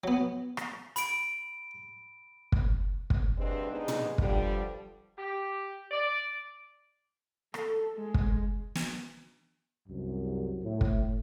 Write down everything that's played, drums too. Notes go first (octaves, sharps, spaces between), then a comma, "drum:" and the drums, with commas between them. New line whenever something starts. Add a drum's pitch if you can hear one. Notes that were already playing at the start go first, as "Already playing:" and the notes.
F#3 B3
drum: rim click
B5 D7, drum: hi-hat
drum: kick
drum: kick
D2 G2 G#3 C4 D4 B4
C3 G#3 B3 D4 D#4 G#4
drum: tom
G2 D3 F3 G3, drum: kick
G4
D5
A4, drum: rim click
G#3
drum: kick
drum: snare
C2 F#2
A2
drum: kick